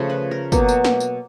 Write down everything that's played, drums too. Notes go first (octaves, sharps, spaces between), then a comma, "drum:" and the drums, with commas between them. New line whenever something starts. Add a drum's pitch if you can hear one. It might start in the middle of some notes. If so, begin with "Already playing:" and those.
Already playing: C#3 F3 A3
B4
A#4
B2 F#3 A#3, drum: kick, tambourine
drum: tambourine
drum: snare
drum: tambourine